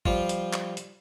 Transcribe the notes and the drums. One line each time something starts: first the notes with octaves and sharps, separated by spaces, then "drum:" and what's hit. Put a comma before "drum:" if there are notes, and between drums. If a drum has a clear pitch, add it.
F3 G3 F4, drum: kick G#1
drum: hi-hat
drum: clap
drum: hi-hat